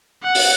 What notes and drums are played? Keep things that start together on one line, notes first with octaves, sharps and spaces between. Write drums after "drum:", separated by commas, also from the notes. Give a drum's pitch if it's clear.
F#5
drum: open hi-hat